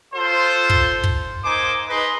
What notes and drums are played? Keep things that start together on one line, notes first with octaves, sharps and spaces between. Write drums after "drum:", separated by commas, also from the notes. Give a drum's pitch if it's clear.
F4 A4 C5
drum: kick
drum: kick
A#3 D#4 C5 G#5 D6
D#4 G#4 B4 D#5 C6